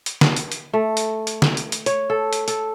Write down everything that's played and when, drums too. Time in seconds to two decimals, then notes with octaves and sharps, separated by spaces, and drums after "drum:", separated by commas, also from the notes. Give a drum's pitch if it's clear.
0.06 drum: hi-hat
0.21 drum: snare
0.36 drum: hi-hat
0.52 drum: hi-hat
0.73 A3
0.97 drum: hi-hat
1.27 drum: hi-hat
1.42 drum: snare
1.57 drum: hi-hat
1.72 drum: hi-hat
1.86 C#5, drum: hi-hat
2.10 A4
2.33 drum: hi-hat
2.48 A4, drum: hi-hat